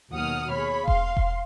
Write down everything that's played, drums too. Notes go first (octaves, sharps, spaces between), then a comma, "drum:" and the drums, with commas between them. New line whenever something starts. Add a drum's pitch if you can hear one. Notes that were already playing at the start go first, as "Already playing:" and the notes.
D#2 B2 F#3 F#5 D#6 F6
G#4 C#5 B5
F5 C6, drum: kick E1
drum: kick E1